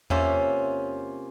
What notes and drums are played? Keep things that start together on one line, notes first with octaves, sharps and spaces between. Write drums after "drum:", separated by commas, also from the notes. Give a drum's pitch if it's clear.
C3 A#3 C#4 F4 E5, drum: tom E2